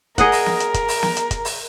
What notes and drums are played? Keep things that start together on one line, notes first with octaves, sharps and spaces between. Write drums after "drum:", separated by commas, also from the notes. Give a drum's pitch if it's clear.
G#4 A#4 D#5 F#5, drum: kick, hi-hat
drum: open hi-hat
drum: snare
drum: hi-hat
drum: kick, hi-hat
drum: open hi-hat
drum: snare
drum: hi-hat
drum: kick, hi-hat
drum: open hi-hat